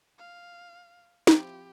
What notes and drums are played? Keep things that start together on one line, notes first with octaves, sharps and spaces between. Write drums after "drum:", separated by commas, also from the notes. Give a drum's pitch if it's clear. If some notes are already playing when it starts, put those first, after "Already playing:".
F5
F3 C4 E4 G4, drum: snare